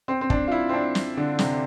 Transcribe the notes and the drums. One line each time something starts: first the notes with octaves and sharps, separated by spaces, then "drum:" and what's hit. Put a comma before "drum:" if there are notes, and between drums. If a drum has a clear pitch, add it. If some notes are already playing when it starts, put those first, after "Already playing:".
C4
C4
D4, drum: kick
F4
E4
C4
D4
drum: snare
D3
C3, drum: snare